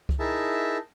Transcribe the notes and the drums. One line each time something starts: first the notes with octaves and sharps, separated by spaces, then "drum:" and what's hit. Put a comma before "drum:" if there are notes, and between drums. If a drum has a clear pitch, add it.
drum: kick C#2
D#4 E4 G#4 A#4 E5 A5